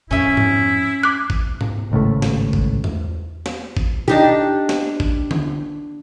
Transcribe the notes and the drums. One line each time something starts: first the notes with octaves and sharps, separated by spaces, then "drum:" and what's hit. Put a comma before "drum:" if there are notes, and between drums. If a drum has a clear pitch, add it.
F2 A2 C#4 E4 E5
drum: tom G#2
D6 F#6
drum: kick
drum: tom G#2
G#1 C#2 A2 A3
drum: snare
drum: kick
drum: tom E2
drum: snare
drum: kick
D4 D#4 G4, drum: tom D#3
drum: snare
drum: kick
drum: tom D3